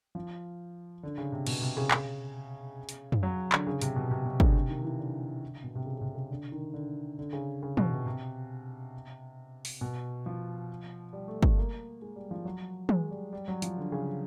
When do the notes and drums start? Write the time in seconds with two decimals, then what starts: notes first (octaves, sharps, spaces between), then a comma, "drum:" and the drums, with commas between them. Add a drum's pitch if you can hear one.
0.15 F3
1.03 D3
1.18 C#3
1.32 C3
1.47 B2, drum: cymbal
1.62 C3
1.77 C#3
1.91 C#3, drum: clap
2.89 drum: hi-hat
3.12 drum: tom
3.23 F#3
3.52 D3, drum: clap
3.67 C#3
3.81 C3, drum: hi-hat
3.96 B2
4.11 C3
4.26 B2
4.40 D3, drum: kick
4.55 C3
4.69 D#3
4.84 E3
4.99 D3
5.64 B2
5.75 C3
5.86 C#3
5.97 C#3
6.01 C3
6.15 C#3
6.30 D3
6.52 D#3
6.74 D3
7.19 D3
7.33 C#3
7.63 C#3
7.77 B2, drum: tom
7.91 C3
8.06 C3
9.65 drum: open hi-hat
9.81 B2
10.26 F3
11.13 G3
11.28 A3
11.43 A3, drum: kick
11.58 A#3
12.02 G#3
12.16 G3
12.31 F3
12.45 F#3
12.89 G#3, drum: tom
13.11 G3
13.33 G3
13.48 F#3
13.62 F3, drum: hi-hat
13.77 D3
13.92 C#3